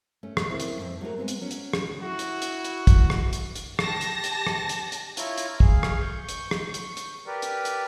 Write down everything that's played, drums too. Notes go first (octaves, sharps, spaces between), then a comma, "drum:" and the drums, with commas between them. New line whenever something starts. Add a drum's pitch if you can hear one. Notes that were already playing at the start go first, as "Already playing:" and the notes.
A3 C#4
drum: rim click
A#3 C4 E4
drum: hi-hat
F2 G#2
F#3 A3 A#4
G#3 B3 C4
drum: hi-hat
F#3 C#4
drum: hi-hat
drum: rim click
E4 F#4
drum: hi-hat
drum: hi-hat
drum: hi-hat
drum: kick, hi-hat
drum: rim click
drum: hi-hat
drum: hi-hat
G4 A5 A#6, drum: rim click
drum: hi-hat
drum: hi-hat
drum: rim click
drum: hi-hat
drum: hi-hat
E4 F4 C#5 A#5, drum: hi-hat
drum: hi-hat
G#4 F5, drum: kick
drum: rim click
C#6 G6
drum: hi-hat
drum: rim click
drum: hi-hat
drum: hi-hat
G4 A#4 B4 D5
drum: hi-hat
drum: hi-hat